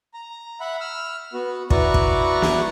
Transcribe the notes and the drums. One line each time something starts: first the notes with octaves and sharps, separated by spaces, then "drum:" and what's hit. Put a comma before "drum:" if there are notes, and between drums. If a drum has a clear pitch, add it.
A#5
E5 F#5 B5
E6 F6
B3 F#4
E4 F#4 B4 D5 A#5 C#6, drum: kick
drum: kick
drum: snare